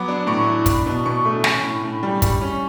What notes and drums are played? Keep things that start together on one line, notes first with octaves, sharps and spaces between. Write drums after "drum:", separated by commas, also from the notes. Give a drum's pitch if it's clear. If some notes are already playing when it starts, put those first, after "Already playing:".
Already playing: F#3 B3 D6
D4
A2 C#6
E3
D4 B5, drum: kick, hi-hat
B2
B2 C#6
A3
C#4, drum: snare
A2
A2
G3
G3, drum: kick, hi-hat
C#4